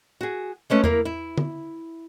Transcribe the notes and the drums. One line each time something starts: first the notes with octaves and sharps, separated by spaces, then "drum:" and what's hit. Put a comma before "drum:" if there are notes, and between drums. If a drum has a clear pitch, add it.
F#4 G#4
G#3 A3 C#4 B4
A#3 E4 A#4, drum: tom E2
E4
drum: tom